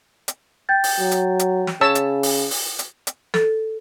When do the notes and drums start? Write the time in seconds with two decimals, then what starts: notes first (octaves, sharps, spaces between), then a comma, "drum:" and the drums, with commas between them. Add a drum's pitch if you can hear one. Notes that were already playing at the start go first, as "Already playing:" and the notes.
0.28 drum: hi-hat
0.69 G5 G6 A6
0.84 drum: open hi-hat
1.00 F#3
1.12 drum: hi-hat
1.39 drum: hi-hat
1.67 drum: snare
1.81 C#3 C#5 A5 E6
1.95 drum: hi-hat
2.23 drum: open hi-hat
2.51 drum: open hi-hat
2.79 drum: hi-hat
3.07 drum: hi-hat
3.34 A4, drum: snare